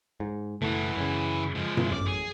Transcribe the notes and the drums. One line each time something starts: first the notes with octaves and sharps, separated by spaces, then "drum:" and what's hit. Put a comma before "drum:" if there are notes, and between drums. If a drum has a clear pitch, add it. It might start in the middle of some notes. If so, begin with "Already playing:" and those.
G#2
F#1 E3 A3 F#4
F#2 C#3
F3 G#3
drum: tom G2
A1 F#2 D5
G#4